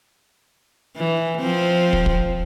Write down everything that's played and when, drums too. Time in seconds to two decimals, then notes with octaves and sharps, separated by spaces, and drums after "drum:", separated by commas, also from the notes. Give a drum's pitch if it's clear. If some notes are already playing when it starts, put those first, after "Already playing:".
0.97 E3
1.40 F3 C4
1.93 drum: kick
2.06 drum: kick